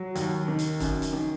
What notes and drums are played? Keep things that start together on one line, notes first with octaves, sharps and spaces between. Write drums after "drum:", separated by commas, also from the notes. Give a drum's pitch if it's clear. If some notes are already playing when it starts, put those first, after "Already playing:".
Already playing: F#3
D#2, drum: hi-hat
D#3
drum: hi-hat
F#2, drum: kick E1, hi-hat
drum: hi-hat
D#3